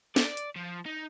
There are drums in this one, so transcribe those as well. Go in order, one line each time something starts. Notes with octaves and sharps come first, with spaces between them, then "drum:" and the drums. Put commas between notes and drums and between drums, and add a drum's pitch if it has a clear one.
D5, drum: snare
drum: hi-hat
F3
D#4